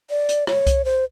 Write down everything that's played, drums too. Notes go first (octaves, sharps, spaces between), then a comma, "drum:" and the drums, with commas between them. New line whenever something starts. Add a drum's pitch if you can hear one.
D5
drum: hi-hat
C#5, drum: rim click
drum: kick C2, hi-hat
C5